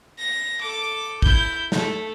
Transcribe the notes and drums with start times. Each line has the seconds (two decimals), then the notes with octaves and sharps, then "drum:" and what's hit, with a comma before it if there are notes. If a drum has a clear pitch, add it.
0.18 A#6
0.61 A4 D6
1.22 E4 G6, drum: kick
1.72 A3, drum: snare